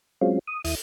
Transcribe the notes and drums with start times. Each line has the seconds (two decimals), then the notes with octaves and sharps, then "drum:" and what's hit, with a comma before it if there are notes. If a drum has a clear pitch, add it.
0.21 F#3 G#3 C4 C#4 F4
0.48 D#6
0.64 D#2 E4 D#6, drum: open hi-hat